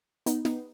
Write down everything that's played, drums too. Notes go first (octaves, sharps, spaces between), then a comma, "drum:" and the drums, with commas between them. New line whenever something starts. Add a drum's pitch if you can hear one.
B3 D#4, drum: hi-hat
B3 D#4, drum: snare